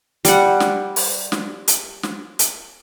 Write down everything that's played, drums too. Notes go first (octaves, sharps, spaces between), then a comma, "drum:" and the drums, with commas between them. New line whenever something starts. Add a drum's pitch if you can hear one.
G3 F#5, drum: hi-hat
drum: snare
drum: open hi-hat
drum: snare
drum: hi-hat
drum: snare
drum: hi-hat